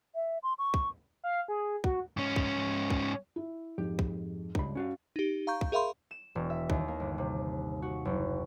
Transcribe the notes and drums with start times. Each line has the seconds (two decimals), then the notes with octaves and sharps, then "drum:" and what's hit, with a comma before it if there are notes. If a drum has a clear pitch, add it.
0.15 E5
0.43 C6
0.59 C#6
0.74 drum: kick
1.24 F5
1.48 G#4
1.84 F#4, drum: kick
2.17 G#2 C#4
2.36 drum: kick
2.90 drum: kick
3.36 E4
3.78 F2 G#2 G4
3.99 drum: kick
4.55 C#2 G2 D4 B5, drum: kick
4.75 C#4 F#4 F5
5.16 D#4 G4
5.47 F5 A#5 C#6 G6
5.61 drum: kick
5.72 G#4 A#4 E5 F5 B5 C6
6.11 E7
6.35 E1
6.50 E5
6.70 D#2, drum: kick
6.88 A#3
7.00 G1
7.18 C3
7.82 F#4
8.05 F#1